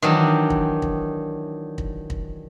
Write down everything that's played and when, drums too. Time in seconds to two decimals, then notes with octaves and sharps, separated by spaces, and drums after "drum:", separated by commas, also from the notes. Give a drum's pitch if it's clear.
0.02 D#3 E3 F#3 D4 G4
0.50 drum: kick
0.82 drum: kick
1.78 drum: kick
2.10 drum: kick